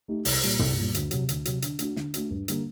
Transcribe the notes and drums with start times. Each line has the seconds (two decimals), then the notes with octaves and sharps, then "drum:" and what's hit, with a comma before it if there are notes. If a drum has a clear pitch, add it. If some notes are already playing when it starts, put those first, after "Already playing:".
0.08 A3 D#4 G4
0.25 C2, drum: open hi-hat
0.43 A#2 G3, drum: hi-hat
0.59 C2, drum: tom
0.76 A#2 G3
0.94 D2, drum: hi-hat
1.11 C3 F#3, drum: hi-hat
1.29 D2, drum: hi-hat
1.45 C3 F#3, drum: hi-hat
1.62 D3, drum: hi-hat
1.79 A3 D4 F#4, drum: hi-hat
1.96 D3, drum: snare
2.14 A3 D4 F#4, drum: hi-hat
2.31 G2
2.48 D3 G3 A#3, drum: hi-hat